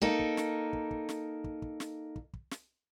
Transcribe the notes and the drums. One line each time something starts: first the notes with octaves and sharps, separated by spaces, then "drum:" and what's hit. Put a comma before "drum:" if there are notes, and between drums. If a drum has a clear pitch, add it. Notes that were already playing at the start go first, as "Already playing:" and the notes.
A#3 D#4 A4, drum: kick
drum: kick
drum: snare
drum: kick
drum: kick
drum: snare
drum: kick
drum: kick
drum: snare
drum: kick
drum: kick
drum: snare